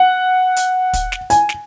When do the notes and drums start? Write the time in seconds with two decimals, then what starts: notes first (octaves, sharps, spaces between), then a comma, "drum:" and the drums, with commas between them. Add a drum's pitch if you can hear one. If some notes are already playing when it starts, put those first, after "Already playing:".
Already playing: F#5
0.56 drum: hi-hat
0.93 drum: kick, hi-hat
1.12 drum: snare
1.30 G#5, drum: hi-hat
1.49 drum: snare